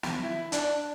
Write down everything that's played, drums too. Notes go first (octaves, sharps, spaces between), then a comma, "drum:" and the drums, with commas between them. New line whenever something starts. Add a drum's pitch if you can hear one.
drum: snare
E4
D4, drum: hi-hat